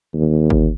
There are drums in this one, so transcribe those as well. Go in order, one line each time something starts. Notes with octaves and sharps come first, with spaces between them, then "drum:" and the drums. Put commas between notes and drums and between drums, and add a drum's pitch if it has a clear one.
D#2
drum: kick G1